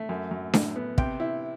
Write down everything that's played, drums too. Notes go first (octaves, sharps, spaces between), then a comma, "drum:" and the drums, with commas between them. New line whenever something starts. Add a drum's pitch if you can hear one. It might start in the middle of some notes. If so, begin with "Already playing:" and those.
Already playing: A3
F#2
F#2
A2, drum: snare D4
B3
C3 G5, drum: kick
E4